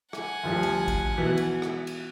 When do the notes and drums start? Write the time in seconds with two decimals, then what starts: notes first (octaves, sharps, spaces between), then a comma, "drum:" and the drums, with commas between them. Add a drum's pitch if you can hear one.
0.13 F#5 G#5, drum: rim click
0.43 D2 F3 G3
0.63 drum: cymbal
0.88 drum: kick A1, cymbal
1.18 B2 E3
1.37 drum: cymbal
1.62 drum: rim click
1.87 drum: cymbal